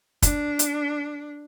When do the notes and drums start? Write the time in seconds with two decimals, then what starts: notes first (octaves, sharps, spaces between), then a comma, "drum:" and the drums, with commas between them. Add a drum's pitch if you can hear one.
0.22 D4, drum: kick, hi-hat
0.59 drum: hi-hat